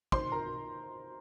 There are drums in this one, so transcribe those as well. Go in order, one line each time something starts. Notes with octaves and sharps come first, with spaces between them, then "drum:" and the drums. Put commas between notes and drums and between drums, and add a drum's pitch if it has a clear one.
D#3 C5 C6, drum: kick
A#4 A#5